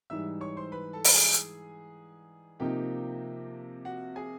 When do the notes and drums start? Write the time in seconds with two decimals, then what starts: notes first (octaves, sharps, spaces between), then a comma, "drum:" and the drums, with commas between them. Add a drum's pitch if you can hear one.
0.10 G#2 E3 G3 E5 E6
0.41 C#5 C#6
0.57 C5 C6
0.72 B4 B5
0.93 A4 A5
1.04 drum: open hi-hat
1.14 G#4 G#5
1.34 drum: hi-hat
2.60 C3 F3 A#3 D#4 G4 G5
3.85 F#4 F#5
4.16 G#4 G#5